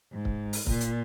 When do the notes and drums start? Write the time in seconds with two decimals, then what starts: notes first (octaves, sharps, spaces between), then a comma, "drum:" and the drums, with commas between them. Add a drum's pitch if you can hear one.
0.12 G#2
0.25 drum: kick C#1
0.53 drum: open hi-hat
0.67 A#2, drum: kick C#1
0.80 drum: hi-hat